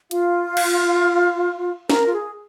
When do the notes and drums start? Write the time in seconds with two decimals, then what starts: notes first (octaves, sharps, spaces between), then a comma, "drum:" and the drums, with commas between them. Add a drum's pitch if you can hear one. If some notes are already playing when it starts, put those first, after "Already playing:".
0.11 F4 F5, drum: hi-hat
0.57 drum: cymbal
1.90 A#4 A#5, drum: snare
2.05 F4
2.12 G#4